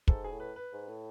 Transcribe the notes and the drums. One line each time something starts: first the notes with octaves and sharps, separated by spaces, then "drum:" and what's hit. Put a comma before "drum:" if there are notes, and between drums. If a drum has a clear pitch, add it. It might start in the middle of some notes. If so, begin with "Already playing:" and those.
G#2 A4, drum: kick
G#4
A2
B4
B4
G#2
A2